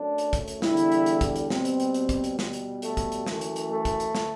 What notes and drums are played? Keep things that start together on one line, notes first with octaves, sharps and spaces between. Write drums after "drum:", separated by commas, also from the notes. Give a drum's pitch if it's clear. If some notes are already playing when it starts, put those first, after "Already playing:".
Already playing: F#2 F#3 A3 D4
drum: hi-hat
drum: kick, hi-hat
drum: hi-hat
E2 D3 G3 E4, drum: snare
drum: hi-hat
drum: hi-hat
drum: hi-hat
drum: kick, hi-hat
drum: hi-hat
B2 G3 C4, drum: snare
drum: hi-hat
drum: hi-hat
drum: hi-hat
drum: kick, hi-hat
drum: hi-hat
B2 G3, drum: snare
drum: hi-hat
A3, drum: hi-hat
drum: kick, hi-hat
drum: hi-hat
F#2 E3 A3, drum: snare
drum: hi-hat
drum: hi-hat
A3
drum: kick, hi-hat
drum: hi-hat
drum: snare